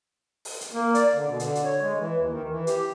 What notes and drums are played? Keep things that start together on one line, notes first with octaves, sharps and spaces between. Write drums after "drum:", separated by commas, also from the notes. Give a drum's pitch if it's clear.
drum: open hi-hat
drum: hi-hat
A#3
D5, drum: hi-hat
D3
B2
D3, drum: hi-hat
drum: hi-hat
C#5
G#3
E3
D#2
D#3
E3
G4, drum: hi-hat